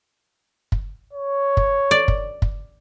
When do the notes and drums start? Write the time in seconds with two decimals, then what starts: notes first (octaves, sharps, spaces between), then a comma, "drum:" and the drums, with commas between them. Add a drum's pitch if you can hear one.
0.72 drum: kick
1.13 C#5
1.57 drum: kick
1.91 D5
2.08 drum: kick
2.42 drum: kick